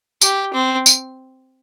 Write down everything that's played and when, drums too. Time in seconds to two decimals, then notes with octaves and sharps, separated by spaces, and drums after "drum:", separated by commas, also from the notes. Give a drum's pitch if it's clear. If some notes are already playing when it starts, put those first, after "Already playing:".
0.22 G4, drum: tambourine
0.53 C4
0.86 drum: tambourine